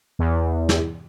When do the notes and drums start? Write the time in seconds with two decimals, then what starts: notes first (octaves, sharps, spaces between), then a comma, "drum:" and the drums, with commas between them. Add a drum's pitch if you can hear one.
0.19 E2
0.69 drum: snare